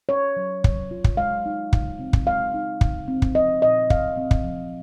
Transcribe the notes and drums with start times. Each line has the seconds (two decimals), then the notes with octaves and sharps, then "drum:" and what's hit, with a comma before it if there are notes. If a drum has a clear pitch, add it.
0.09 C#4 C#5
0.36 F#3
0.64 F#3, drum: kick
0.91 F4
1.04 drum: kick
1.17 G#3 F5
1.46 D#4
1.73 C#3, drum: kick
1.99 C4
2.13 drum: kick
2.26 G#3 F5
2.54 D#4
2.81 C#3, drum: kick
3.08 C4
3.22 drum: kick
3.35 F3 D#5
3.62 A#2 D#5
3.90 A#2 F5, drum: kick
4.17 C4
4.31 drum: kick
4.44 F3